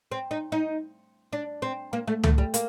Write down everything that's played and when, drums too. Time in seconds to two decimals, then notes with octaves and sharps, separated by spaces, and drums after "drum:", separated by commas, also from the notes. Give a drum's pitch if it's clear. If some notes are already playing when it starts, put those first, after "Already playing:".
0.11 C4
0.31 D#4
0.52 D#4
1.33 D4
1.62 C4
1.93 A#3
2.08 A3
2.24 A3, drum: tom C#2
2.38 G3
2.54 A#3, drum: hi-hat